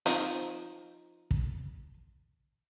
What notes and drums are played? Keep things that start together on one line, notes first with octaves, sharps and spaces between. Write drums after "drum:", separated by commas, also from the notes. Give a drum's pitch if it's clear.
F3 C4 D#4, drum: hi-hat
drum: kick